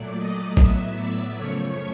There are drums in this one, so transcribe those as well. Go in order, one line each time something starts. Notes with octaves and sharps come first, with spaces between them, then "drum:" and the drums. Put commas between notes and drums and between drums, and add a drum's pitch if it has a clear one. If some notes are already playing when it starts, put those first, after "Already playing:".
Already playing: A#2 F#3 A3 D5 D6
D#5 D#6
A2 F#3 B3 E5 E6, drum: kick
D5 D6
F#2 C#3 F3 A3 C#5 C#6